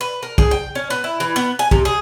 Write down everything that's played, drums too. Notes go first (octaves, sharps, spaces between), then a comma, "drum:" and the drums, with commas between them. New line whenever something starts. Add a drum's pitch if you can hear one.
B4
A#4
G#4, drum: kick
G5
C#4
B3
E4
E3
B3
G#5
C3, drum: kick
G#4